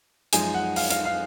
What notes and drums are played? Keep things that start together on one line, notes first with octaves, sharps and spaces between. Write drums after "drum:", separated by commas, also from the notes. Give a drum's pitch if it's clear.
F#2 F3 G#3 D#4 G#5, drum: hi-hat
F#5
F5, drum: open hi-hat
F5, drum: hi-hat
F5